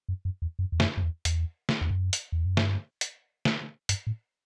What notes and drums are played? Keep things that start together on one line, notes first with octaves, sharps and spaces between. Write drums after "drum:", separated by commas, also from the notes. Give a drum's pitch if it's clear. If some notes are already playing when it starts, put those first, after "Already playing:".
F#2
F#2
E2
F#2
E2
F#2, drum: snare
F#2
E2
E2, drum: hi-hat
drum: snare
E2
F#2
drum: hi-hat
E2
F#2
G2, drum: snare
drum: hi-hat
drum: snare
G2, drum: hi-hat
A2